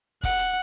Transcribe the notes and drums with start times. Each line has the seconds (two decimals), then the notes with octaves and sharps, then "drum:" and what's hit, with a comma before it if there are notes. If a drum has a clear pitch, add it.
0.23 F#5, drum: kick, open hi-hat
0.39 drum: hi-hat